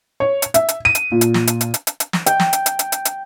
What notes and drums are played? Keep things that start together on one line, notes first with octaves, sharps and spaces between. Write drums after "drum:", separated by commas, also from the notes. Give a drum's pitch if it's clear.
C#5
drum: hi-hat
E5, drum: hi-hat
drum: hi-hat
D#7
drum: hi-hat
A#2
drum: hi-hat
drum: snare
drum: hi-hat
drum: hi-hat
drum: hi-hat
drum: hi-hat
drum: hi-hat
drum: snare
G5, drum: hi-hat
drum: snare
drum: hi-hat
drum: hi-hat
drum: hi-hat
drum: hi-hat
drum: hi-hat